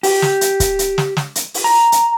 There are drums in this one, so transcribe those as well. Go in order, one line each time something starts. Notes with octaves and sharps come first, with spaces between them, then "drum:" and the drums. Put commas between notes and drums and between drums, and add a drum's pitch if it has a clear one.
G4, drum: open hi-hat
drum: snare
drum: hi-hat
drum: kick, hi-hat
drum: hi-hat
drum: snare
drum: snare
drum: hi-hat
drum: open hi-hat
A#5
drum: hi-hat